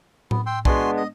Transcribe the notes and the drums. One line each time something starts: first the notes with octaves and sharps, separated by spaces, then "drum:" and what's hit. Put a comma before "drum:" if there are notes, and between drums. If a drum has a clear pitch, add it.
B3, drum: tom A2
G5 C6 E6
G#3 B3 D4 F#4 G#5 C6, drum: kick B1
D#5